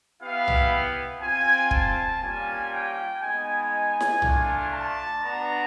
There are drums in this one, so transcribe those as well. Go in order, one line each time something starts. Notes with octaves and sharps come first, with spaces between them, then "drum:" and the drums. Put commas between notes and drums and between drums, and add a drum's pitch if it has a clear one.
B3 E4 G4 F5
drum: tom
C4 F4 G#5
A5, drum: kick
G3 A#3 C#4 F4 G#5
G5
G#3 B3 D#4 G#5
drum: snare E4
A3 D4 F4, drum: tom
A5
B3 D4 F#4 A#5